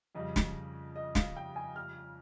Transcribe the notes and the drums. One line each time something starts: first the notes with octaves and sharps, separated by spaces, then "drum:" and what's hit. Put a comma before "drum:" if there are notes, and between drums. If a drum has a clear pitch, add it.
F2 C#3 G3 D#5
drum: snare
D#5
F5, drum: snare
G5
G#5
F6